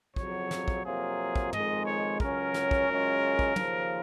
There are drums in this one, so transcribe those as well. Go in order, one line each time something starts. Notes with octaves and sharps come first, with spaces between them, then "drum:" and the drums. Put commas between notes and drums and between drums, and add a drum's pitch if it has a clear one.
F2 C#3 F#3 C#5, drum: kick
drum: snare
drum: kick
F2 C3 F#3 A#3 F4 G#4
drum: kick
F2 D#3 G#3 D#5, drum: tom
C#5
C#2 C#3 F#3 C#4 A#4, drum: kick
drum: snare
drum: kick
F#2 C#3 G#3 C#4 F4
drum: kick
D#2 C#3 F3, drum: tom